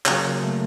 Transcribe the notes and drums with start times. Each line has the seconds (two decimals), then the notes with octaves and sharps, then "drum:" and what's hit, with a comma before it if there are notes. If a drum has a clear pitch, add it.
0.06 C#3 F#3 A#3 A#4, drum: clap
0.43 A3 A4